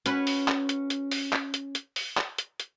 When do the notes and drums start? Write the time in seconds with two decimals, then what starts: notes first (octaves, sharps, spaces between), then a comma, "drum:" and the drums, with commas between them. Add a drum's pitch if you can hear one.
0.06 C#4 F#4 B4, drum: hi-hat
0.27 drum: open hi-hat
0.48 drum: clap
0.69 drum: hi-hat
0.90 drum: hi-hat
1.11 drum: open hi-hat
1.33 drum: clap
1.54 drum: hi-hat
1.75 drum: hi-hat
1.96 drum: open hi-hat
2.17 drum: clap
2.38 drum: hi-hat
2.60 drum: hi-hat